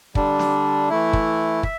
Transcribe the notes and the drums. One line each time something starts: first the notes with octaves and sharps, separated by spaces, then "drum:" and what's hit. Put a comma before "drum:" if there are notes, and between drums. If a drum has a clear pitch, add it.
D3 G3 D4, drum: kick
drum: snare
E3 A3 E4
drum: kick
E5, drum: kick